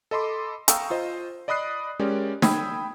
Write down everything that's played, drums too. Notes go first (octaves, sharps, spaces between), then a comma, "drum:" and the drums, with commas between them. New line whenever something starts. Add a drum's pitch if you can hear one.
A4 D#5 B5 C6 D6
F5 G5 A#5 C#6 D#6 E6, drum: hi-hat
F4 C5 D#5
D5 D#5 B5 D#6 F#6 C7
G#3 C#4 G4 A#4 D5
G5 B5 D#6 E6 G#6, drum: snare